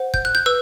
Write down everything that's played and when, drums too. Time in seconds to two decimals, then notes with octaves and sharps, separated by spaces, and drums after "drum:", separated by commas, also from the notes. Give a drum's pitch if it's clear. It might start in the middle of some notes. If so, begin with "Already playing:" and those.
Already playing: C5 F#5
0.14 G6, drum: kick
0.25 F#6
0.35 G6
0.46 B4 E6